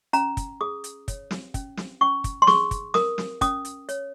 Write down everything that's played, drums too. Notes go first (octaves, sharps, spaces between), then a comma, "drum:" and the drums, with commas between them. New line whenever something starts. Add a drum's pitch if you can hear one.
C#4 A#5, drum: hi-hat
drum: kick, hi-hat
G#4 D#6
drum: hi-hat
C#5, drum: kick, hi-hat
drum: snare
C#4, drum: kick, hi-hat
drum: snare
C#4 C#6
drum: kick, hi-hat
C6
G#4 C#6, drum: snare
drum: kick, hi-hat
A#4 D#6, drum: snare
drum: snare
C#4 D#6, drum: kick, hi-hat
drum: hi-hat
C#5, drum: hi-hat